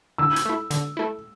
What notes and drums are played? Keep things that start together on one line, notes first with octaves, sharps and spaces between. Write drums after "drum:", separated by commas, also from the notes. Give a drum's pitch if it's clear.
D3 E6
drum: hi-hat
A3 E4
D3, drum: hi-hat
A3 E4